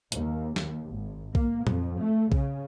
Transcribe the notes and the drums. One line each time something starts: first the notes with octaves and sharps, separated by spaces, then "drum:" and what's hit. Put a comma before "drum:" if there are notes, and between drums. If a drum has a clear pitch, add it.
D#2, drum: hi-hat
D#2, drum: snare
G#1
A#3, drum: kick B1
F2, drum: tom A#2
A3
C#3, drum: kick B1